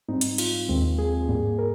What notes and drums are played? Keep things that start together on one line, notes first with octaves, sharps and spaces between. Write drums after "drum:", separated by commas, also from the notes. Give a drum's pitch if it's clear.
G#2 G3 C4 D#4
drum: hi-hat
F4, drum: cymbal
D#2 D#3 G#3 C4
G#4
G#2 G3 A#3
A#4